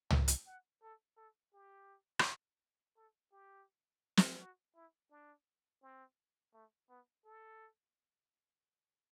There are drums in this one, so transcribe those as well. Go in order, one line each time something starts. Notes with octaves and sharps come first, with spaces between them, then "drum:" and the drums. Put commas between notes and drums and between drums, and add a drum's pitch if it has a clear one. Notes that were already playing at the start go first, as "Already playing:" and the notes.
G5, drum: tom
drum: hi-hat
F#5
A4
A4
G4
drum: rim click
A4
G4
drum: snare
F#4
E4
D4
C4
A3
B3
A4